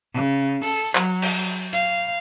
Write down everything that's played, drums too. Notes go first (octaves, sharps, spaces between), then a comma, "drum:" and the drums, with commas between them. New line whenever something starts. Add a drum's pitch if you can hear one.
C#3
A4, drum: open hi-hat
F#3, drum: clap
drum: cymbal
F5, drum: hi-hat